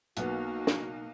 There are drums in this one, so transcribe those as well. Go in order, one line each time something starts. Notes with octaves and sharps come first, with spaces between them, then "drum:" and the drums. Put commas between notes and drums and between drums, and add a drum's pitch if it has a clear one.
B1 A#3 B3 D#4 F#4, drum: hi-hat
drum: snare